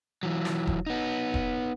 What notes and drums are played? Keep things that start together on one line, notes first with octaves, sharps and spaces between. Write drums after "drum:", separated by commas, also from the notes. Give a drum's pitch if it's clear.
E3 F#3
drum: snare
drum: kick E1
B3 D#4
drum: kick E1